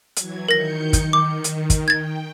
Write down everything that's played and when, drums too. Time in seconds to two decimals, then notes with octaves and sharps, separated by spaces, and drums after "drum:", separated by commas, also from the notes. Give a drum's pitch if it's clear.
0.16 E3 F#3 G#6, drum: hi-hat
0.49 D#3 A#4 G6 A#6 C#7
0.93 drum: kick, hi-hat
1.13 D#3 D6
1.44 drum: hi-hat
1.70 drum: kick, hi-hat
1.88 G5 G#6 A6